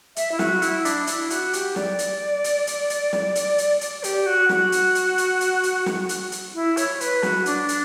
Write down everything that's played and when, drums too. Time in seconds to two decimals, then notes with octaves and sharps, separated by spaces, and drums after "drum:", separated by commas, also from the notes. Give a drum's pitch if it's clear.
0.16 E5, drum: hi-hat
0.32 E4
0.39 F#4, drum: snare
0.62 E4, drum: hi-hat
0.85 D4, drum: hi-hat
1.07 E4, drum: hi-hat
1.30 F#4, drum: hi-hat
1.53 G4, drum: hi-hat
1.76 D5, drum: snare
1.99 drum: hi-hat
2.44 drum: hi-hat
2.67 drum: hi-hat
2.90 drum: hi-hat
3.13 drum: snare
3.35 drum: hi-hat
3.58 drum: hi-hat
3.81 D5, drum: hi-hat
4.04 G4, drum: hi-hat
4.26 F#4
4.49 F#4, drum: snare
4.72 drum: hi-hat
4.95 drum: hi-hat
5.18 drum: hi-hat
5.41 drum: hi-hat
5.63 drum: hi-hat
5.86 drum: snare
6.09 drum: hi-hat
6.32 drum: hi-hat
6.54 E4
6.77 C#5, drum: hi-hat
7.01 B4, drum: hi-hat
7.23 F#4, drum: snare
7.46 D4, drum: hi-hat
7.69 drum: hi-hat